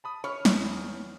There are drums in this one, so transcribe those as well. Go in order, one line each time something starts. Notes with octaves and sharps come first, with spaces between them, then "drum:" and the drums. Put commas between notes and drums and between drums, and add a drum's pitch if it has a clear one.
A5 B5 D#6
C#5 B5 F6
E2, drum: snare